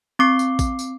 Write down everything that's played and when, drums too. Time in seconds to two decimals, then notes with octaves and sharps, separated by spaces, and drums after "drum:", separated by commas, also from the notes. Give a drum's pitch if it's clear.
0.19 C4 D6 C7
0.39 drum: tambourine
0.59 drum: kick, tambourine
0.79 drum: tambourine